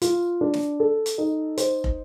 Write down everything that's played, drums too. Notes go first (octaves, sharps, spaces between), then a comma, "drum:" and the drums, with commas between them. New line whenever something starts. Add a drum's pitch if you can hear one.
F4, drum: hi-hat
D4
drum: snare
A4
drum: hi-hat
D#4
C5, drum: hi-hat
drum: kick